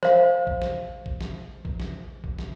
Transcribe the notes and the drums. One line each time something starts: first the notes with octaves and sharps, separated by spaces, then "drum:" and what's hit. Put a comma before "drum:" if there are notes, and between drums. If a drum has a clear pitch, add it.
C5 F5, drum: snare
drum: kick A#1
drum: snare
drum: kick A#1
drum: snare
drum: kick A#1
drum: snare
drum: kick A#1
drum: snare